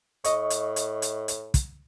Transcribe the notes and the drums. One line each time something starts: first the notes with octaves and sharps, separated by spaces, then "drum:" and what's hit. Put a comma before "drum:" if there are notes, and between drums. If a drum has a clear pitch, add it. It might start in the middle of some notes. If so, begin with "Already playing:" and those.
A2 D#5 C#6, drum: hi-hat
drum: hi-hat
drum: hi-hat
drum: hi-hat
drum: hi-hat
drum: kick, hi-hat